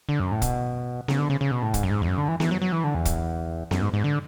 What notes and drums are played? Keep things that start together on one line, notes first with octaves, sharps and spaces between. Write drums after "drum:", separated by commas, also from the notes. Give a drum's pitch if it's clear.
D3
F#2
A2
B2, drum: kick, hi-hat
C#3, drum: snare B3
D3
C#3
C#3
B2
A2
G#2, drum: kick, hi-hat
F#2
G#2
E2
F#2
D3
E3
E3, drum: snare B3
F#3
F#3
E3
D3
E2
drum: kick, hi-hat
F#2, drum: snare B3
G#2
G#2
D3